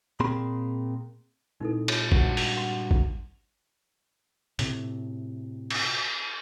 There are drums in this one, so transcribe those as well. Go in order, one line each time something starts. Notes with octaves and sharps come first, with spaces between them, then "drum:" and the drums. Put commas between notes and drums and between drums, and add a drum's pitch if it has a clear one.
A#2 A#3 C4 G#4 B5 C6
A#2 G#3 C4 D#4 E4 A4
F4, drum: cymbal
G2 F#4, drum: kick A1
drum: open hi-hat
F#5 C6
drum: kick A1
A2 C3, drum: hi-hat
drum: cymbal